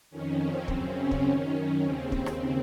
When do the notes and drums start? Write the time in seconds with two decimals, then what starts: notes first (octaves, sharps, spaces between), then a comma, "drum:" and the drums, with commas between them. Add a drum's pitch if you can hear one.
0.11 F2 D#3 C#4
0.40 C4
0.68 F#2 C#3, drum: kick
0.97 C#4
1.11 drum: kick
1.26 F#2 D#3
1.54 C#4
1.83 D#2 C#3 C4
2.12 drum: kick
2.26 drum: rim click